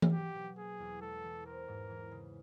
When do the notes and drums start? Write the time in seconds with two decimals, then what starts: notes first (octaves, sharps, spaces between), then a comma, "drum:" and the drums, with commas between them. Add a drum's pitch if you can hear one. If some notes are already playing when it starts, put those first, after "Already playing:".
0.02 drum: tom E3
0.13 F#3 G4
0.35 B2
0.57 A#3 G#4
0.80 E2
1.01 G#3 A4
1.23 E3
1.45 C4 A#4
1.68 G#2
1.90 E3
2.11 C#3